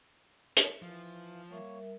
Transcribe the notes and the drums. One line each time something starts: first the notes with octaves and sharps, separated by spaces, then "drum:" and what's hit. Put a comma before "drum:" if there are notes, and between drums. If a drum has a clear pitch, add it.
drum: hi-hat
E3 F3 F5
G3 A#3 A#4 C#5 E5